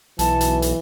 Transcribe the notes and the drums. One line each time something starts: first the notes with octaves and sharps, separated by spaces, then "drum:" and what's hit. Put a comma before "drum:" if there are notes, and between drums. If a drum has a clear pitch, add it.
B1 E3 A5, drum: hi-hat
drum: hi-hat
drum: hi-hat